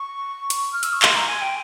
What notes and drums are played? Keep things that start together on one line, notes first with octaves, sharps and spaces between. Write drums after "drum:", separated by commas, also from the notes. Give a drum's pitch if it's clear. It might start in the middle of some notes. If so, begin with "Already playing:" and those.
Already playing: C#6
drum: hi-hat
F6
E6, drum: hi-hat
C#6
C6, drum: clap
A#5
G#5
G5